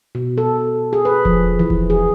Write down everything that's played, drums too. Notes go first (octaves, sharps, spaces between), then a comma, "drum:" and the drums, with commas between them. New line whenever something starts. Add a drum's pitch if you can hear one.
B2
A4
G#4
B4
F3, drum: kick E1
E3
drum: kick E1
G#4